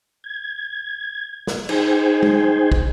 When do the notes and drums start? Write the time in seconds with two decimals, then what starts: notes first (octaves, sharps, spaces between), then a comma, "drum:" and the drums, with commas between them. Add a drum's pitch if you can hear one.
0.24 G#6
1.47 drum: snare
1.69 D#4 G#4 C5 G5 G#5, drum: cymbal
2.23 drum: tom
2.72 drum: kick